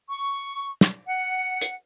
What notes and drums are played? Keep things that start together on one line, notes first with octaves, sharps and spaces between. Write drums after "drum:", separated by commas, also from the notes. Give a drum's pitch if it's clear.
C#6
drum: snare
F#5
drum: hi-hat